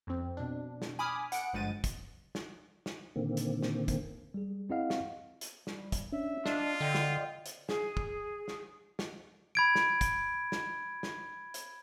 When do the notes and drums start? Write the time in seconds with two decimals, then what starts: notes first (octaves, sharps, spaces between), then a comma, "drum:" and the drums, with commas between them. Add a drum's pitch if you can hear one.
0.07 F2 C4
0.37 B2 D4
0.82 drum: snare
0.99 G#5 B5 D6 D#6 F6
1.32 F#5 C#7 D7, drum: hi-hat
1.53 G1 G2 F3 G#3 A6 D#7
1.84 drum: kick, hi-hat
2.35 drum: snare
2.86 drum: snare
3.16 A#2 D3 D#3 A#3 C4
3.37 drum: hi-hat
3.63 drum: snare
3.88 drum: kick, hi-hat
4.34 G3 G#4
4.70 C4 E4 G#4 D#5 F5 F#5
4.90 drum: snare
5.41 drum: hi-hat
5.67 G3, drum: snare
5.92 drum: kick, hi-hat
6.12 C#4 D4 E5
6.46 D4 F4 D5 D#5, drum: snare
6.81 D3 G5
6.95 drum: snare
7.46 drum: hi-hat
7.69 G#4, drum: snare
7.97 drum: kick
8.48 drum: snare
8.99 drum: snare
9.55 B5 G#6 D7
9.75 drum: snare
10.01 drum: kick, hi-hat
10.52 drum: snare
11.03 drum: snare
11.54 drum: hi-hat